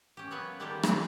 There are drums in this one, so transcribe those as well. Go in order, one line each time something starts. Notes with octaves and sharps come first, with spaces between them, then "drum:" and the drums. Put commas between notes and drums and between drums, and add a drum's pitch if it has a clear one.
C#4 G4
F#3 A#3 B3 B4 C#5 E5
D#3 G3 G#3 A#3 G4 A4
G3 G#3 C4 D4, drum: rim click